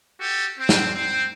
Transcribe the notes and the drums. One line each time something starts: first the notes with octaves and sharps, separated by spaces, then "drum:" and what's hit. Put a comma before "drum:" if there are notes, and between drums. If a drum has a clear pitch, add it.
F#4 G4 A4
C4
drum: snare
C4